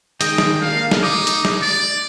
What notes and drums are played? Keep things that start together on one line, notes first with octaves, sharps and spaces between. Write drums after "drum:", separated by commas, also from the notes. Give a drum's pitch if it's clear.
D#3 G#3 D#5 G5, drum: hi-hat
drum: snare
A#3 D4 F5
drum: snare
D#4 D6 D#6
drum: hi-hat
drum: snare
D5